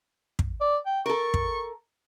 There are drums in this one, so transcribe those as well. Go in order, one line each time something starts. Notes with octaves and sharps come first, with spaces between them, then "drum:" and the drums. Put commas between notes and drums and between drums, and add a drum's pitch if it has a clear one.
drum: kick
D5
G5
A4 A#4 C#6
drum: kick